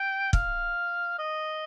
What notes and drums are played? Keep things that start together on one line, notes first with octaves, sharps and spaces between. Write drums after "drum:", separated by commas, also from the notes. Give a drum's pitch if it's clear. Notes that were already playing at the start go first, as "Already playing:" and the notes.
Already playing: G5
F5, drum: kick
D#5